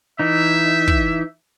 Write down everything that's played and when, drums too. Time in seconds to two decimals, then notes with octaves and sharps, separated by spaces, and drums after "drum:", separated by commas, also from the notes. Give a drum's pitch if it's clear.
0.19 E3 D#4 E5
0.88 drum: kick